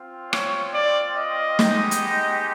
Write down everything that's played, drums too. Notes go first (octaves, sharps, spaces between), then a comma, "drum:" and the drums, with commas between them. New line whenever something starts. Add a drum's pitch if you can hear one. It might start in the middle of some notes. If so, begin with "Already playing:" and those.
Already playing: C4 F4
C#5, drum: rim click
D5
D#5
G#3 B3 D#4 G4, drum: snare
drum: hi-hat